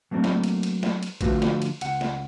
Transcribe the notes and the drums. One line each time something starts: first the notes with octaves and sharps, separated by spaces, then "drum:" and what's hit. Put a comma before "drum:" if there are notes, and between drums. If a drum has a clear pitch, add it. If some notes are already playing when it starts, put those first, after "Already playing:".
F#3 A3 A#3 C4 D4 A#4
drum: snare
drum: cymbal
drum: cymbal
drum: snare
drum: cymbal
D3 F3 A3 F4 F#4 B4, drum: kick, cymbal
drum: snare
drum: cymbal
C#2 F#5, drum: cymbal
drum: snare